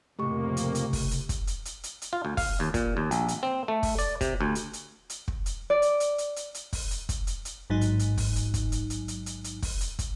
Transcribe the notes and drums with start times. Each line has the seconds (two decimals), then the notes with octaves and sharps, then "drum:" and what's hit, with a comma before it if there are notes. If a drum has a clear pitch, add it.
0.19 C2 F2 A2 C#3 A3 A#3 G4 C#6
0.57 drum: hi-hat
0.75 drum: hi-hat
0.93 drum: kick, open hi-hat
1.11 drum: hi-hat
1.29 drum: kick, hi-hat
1.47 drum: hi-hat
1.65 drum: hi-hat
1.83 drum: hi-hat
2.02 drum: hi-hat
2.13 F4
2.25 D2
2.37 F5, drum: kick, open hi-hat
2.60 D#2
2.74 A#2, drum: kick, hi-hat
2.97 D#2
3.11 A#1, drum: hi-hat
3.28 drum: hi-hat
3.43 C4
3.68 A3
3.83 drum: kick, open hi-hat
3.99 D5, drum: hi-hat
4.21 C3, drum: kick, hi-hat
4.41 D2
4.55 drum: hi-hat
4.73 drum: hi-hat
5.10 drum: hi-hat
5.28 drum: kick
5.46 drum: hi-hat
5.70 D5
5.82 drum: hi-hat
6.00 drum: hi-hat
6.18 drum: hi-hat
6.36 drum: hi-hat
6.54 drum: hi-hat
6.73 drum: kick, open hi-hat
6.91 drum: hi-hat
7.09 drum: kick, hi-hat
7.27 drum: hi-hat
7.45 drum: hi-hat
7.70 A1 G#2 F#3 D#4
7.81 drum: hi-hat
7.99 drum: hi-hat
8.18 drum: kick, open hi-hat
8.36 drum: hi-hat
8.54 drum: kick, hi-hat
8.72 drum: hi-hat
8.90 drum: hi-hat
9.08 drum: hi-hat
9.26 drum: hi-hat
9.44 drum: hi-hat
9.62 drum: kick, open hi-hat
9.81 drum: hi-hat
9.99 drum: kick, hi-hat